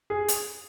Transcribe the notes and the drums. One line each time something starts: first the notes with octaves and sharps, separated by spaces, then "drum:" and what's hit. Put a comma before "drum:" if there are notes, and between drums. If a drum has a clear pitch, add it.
G#4
drum: hi-hat